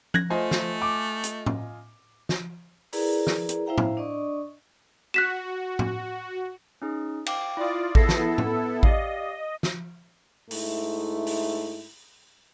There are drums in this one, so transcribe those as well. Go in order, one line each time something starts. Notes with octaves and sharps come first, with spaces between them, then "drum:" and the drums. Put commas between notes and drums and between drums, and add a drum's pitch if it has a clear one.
F#6 G#6 A#6, drum: tom F3
A3 F4 C5 D#5 G#5
drum: snare
D6
drum: hi-hat
drum: tom A2
drum: snare
E4 G#4 A#4 B4 D5 A#5, drum: open hi-hat
drum: snare
drum: hi-hat
E4 C5 E5 F5 G5 A#5
drum: tom A2
D4 D5 D#5 C#6 D#6
F#4 F#6 B6 E7
drum: tom A2
C#4 D#4 G#4
F5 G5 D6, drum: cymbal
E4 F4 D5 D#6
B3 E4 G#4 A4 A#6 C7, drum: kick A1
drum: snare
E6, drum: tom A2
G4 D5 D#5 F5, drum: kick A1
drum: snare
G#2 A3 E4, drum: open hi-hat
drum: open hi-hat